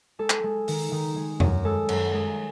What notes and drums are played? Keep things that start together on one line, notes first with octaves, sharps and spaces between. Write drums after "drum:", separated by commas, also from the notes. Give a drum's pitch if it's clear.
G#3 A4
drum: clap
G#3
D#3, drum: open hi-hat
D#3
G#3
F#2, drum: tom E2
G#3 A4
F#2, drum: cymbal
G#3